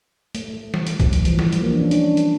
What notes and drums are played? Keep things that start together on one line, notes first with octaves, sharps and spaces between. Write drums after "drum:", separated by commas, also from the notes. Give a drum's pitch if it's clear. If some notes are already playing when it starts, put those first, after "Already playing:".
A3, drum: hi-hat
A3
G3, drum: snare E3
drum: hi-hat
drum: kick, hi-hat
F3, drum: hi-hat
E3, drum: hi-hat
F3, drum: snare E3
G3, drum: hi-hat
A#3
D4
C#4
D4, drum: hi-hat
drum: hi-hat